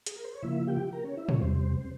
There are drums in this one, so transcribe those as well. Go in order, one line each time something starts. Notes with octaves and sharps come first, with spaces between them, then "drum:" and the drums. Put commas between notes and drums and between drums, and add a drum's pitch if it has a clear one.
G#4, drum: hi-hat
A#4
C5
C#5
C#3 F3 A#3 E4 F4 E5
G4 G5
A#4 A#5
C#4 C#5
E4 E5
C#4 C#5, drum: tom
E2 C3 G3 C4 C5
C5